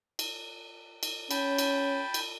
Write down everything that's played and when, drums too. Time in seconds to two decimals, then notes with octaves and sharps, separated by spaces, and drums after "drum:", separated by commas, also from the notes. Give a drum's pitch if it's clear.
0.19 drum: cymbal
1.03 drum: cymbal
1.31 C#4 G5 A5 B5, drum: cymbal
1.58 drum: cymbal
2.14 drum: cymbal